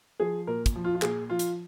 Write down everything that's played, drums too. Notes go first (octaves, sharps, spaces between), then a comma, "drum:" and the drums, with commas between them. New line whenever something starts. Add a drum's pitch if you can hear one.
F3 G#4
A#2 A#4
drum: kick, hi-hat
F3
F4
F4
A#2 G#4, drum: clap
F3 F4
drum: hi-hat